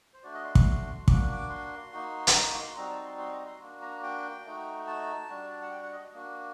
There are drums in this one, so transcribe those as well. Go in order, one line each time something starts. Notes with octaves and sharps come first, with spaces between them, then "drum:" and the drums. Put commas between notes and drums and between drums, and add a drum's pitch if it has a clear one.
C5
A3 D4 F#4 D5
D#5
C6
C6, drum: kick
A#3 D4 F#4 D6, drum: kick
D6
C6
A#3 D#4 F#4
A5, drum: hi-hat
A#5
C6
G3 C4 D#4 F#4 A#5
A5
C6
C6
A#5
C6
A#3 D4 F#4
A#5
G5
A3 D#4 F#4
A5
G3 D4 F#4
F#5
G5
F#5
D#5
A#3 D4 F#4